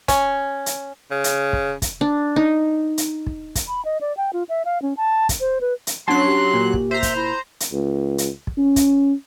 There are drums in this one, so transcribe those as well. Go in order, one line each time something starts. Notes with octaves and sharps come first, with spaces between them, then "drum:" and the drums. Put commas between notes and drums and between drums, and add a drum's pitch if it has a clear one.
C#4, drum: kick, hi-hat
drum: hi-hat
C#3
drum: hi-hat
drum: kick
drum: kick, hi-hat
D4
D#4
drum: hi-hat
drum: kick
drum: kick, hi-hat
B5
D#5
D5
G5
F4
E5
F5
C#4
A5
drum: kick, hi-hat
C5
B4
drum: hi-hat
F#3 C#4 D4 A5 C6 F#6
G4
A#2
drum: kick
C5 E5 A#5
drum: kick, hi-hat
E4
drum: hi-hat
C#2
drum: hi-hat
drum: kick
C#4
drum: kick, hi-hat